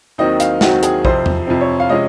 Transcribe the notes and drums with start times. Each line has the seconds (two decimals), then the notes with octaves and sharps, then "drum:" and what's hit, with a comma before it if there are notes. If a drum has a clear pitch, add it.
0.18 D#2 D#3 F#3 C4 D#5
0.40 F5, drum: hi-hat
0.61 D#2 D#3 F#3 C4 F#4, drum: snare
0.83 G#4, drum: hi-hat
1.05 F2 C3 F3 C4 C5, drum: kick A#1
1.26 drum: tom E2
1.47 F2 C3 F3 C4
1.61 C#5
1.80 F5
1.89 C3 F3 G#3 C#4 D#5